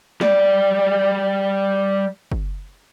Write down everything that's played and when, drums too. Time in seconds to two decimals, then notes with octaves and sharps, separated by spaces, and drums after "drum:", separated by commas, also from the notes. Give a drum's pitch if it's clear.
0.21 G3 D5, drum: snare
2.32 drum: kick F#1